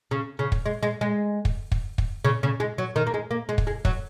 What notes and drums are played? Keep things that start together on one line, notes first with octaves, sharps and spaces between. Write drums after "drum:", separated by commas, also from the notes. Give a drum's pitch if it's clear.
C#3
C#3
drum: kick
G#3
G#3
G#3
drum: kick
drum: kick
drum: kick
C#3
C#3
G#3
F#3
D#3
A#3
G#3
A#3
G#3
drum: kick
G#3
F#3, drum: kick